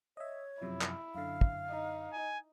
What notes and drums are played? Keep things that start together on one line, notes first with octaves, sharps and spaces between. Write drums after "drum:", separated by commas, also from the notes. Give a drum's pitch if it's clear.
C#5 D#5 E5
F#2 C3 F3 E4
drum: clap
F#2 D3 F5
drum: kick
D#4
G#5